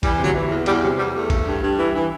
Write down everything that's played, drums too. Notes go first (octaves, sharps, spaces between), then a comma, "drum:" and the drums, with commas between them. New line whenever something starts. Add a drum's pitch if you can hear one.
E3 G3, drum: kick A1, cymbal
C3
F#3, drum: tom D3
E3
E2
E2 G3, drum: cymbal
C3 F#3
E2 G3
E2 A3
G2, drum: kick A1, cymbal
G2
G2
E3
E3